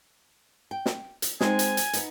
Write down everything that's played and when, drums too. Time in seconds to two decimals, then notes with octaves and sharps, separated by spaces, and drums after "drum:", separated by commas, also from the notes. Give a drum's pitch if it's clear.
0.71 G5
0.86 drum: snare
1.22 drum: hi-hat
1.41 G#3 C4 D#4 G#5, drum: snare
1.59 drum: hi-hat
1.77 drum: hi-hat
1.93 B3 D#4, drum: hi-hat